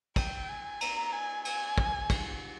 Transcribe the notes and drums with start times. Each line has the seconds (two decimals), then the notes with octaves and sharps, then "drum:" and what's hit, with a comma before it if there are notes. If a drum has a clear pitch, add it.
0.16 G5, drum: kick, cymbal
0.49 G#5
0.81 A#5, drum: cymbal
1.13 G#5
1.45 G#5, drum: cymbal
1.78 drum: kick
2.10 drum: kick, cymbal